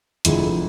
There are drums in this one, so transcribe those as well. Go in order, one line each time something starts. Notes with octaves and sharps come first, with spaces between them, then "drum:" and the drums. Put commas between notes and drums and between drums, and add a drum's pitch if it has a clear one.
F1 F2 D3 G#3 E4, drum: hi-hat